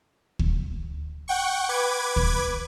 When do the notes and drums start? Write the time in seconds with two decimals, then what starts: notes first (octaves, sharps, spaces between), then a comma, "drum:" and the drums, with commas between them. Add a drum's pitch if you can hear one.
0.39 drum: kick
1.28 F#5 G5 C#6
1.69 B4 D6 G#6
2.16 drum: kick